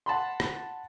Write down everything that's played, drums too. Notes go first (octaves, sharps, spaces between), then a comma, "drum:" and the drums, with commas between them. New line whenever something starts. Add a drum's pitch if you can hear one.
F#5 A5 B5 C6
drum: rim click